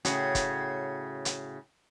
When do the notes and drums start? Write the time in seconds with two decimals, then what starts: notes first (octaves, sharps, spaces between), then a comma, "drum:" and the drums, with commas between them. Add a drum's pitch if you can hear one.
0.05 A2 C#3 F#4, drum: hi-hat
0.35 drum: kick, hi-hat
1.25 drum: hi-hat